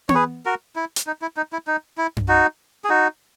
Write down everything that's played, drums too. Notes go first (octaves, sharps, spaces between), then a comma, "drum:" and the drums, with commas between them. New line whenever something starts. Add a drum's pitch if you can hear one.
C#5, drum: tom B3
G#4 B4
F#4 A#4
E4
drum: hi-hat
D#4
E4
D#4
E4
D#4
E4
drum: tom F#2
D#4 F#4
G#4
D#4 F#4